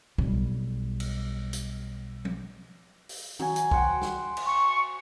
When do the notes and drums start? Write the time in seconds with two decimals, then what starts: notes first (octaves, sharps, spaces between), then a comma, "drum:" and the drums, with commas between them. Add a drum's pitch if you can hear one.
0.18 B1 G3, drum: kick B1
1.00 drum: cymbal
1.53 drum: hi-hat
2.25 drum: tom F3
3.09 drum: open hi-hat
3.39 F#3 G#5, drum: tom D#3
3.56 drum: hi-hat
3.71 C5 F#5 G5, drum: kick B1
4.01 drum: snare
4.37 drum: cymbal
4.46 C#6